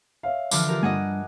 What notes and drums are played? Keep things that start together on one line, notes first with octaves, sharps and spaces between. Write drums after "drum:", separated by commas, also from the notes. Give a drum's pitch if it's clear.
C#5 E5 F5
D3 E3 F3 D6 F6, drum: tambourine
F4 G4 A#4
G2 D#5 F#5 G#5